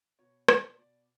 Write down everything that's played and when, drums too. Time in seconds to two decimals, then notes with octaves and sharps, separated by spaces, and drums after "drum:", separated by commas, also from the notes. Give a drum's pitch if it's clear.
0.19 B2 C#5
0.48 B2 D5, drum: rim click
0.78 B2 D5